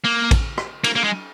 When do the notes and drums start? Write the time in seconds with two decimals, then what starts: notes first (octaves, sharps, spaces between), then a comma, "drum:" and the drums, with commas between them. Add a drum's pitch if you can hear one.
0.04 A#3
0.31 drum: kick, cymbal
0.58 drum: rim click
0.84 A#3, drum: cymbal
0.96 A#3
1.04 G#3